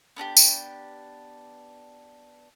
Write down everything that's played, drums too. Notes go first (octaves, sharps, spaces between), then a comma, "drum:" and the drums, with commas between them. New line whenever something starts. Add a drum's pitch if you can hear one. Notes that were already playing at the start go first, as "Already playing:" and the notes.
B3 D4 F#4 G4
drum: tambourine